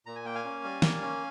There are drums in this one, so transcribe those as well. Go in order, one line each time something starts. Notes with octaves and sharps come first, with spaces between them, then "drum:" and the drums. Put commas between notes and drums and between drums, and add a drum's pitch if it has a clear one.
A#2 A#5
G#5
A#3 G5
F5 G#5
C#4
G3
A#3, drum: snare
C#4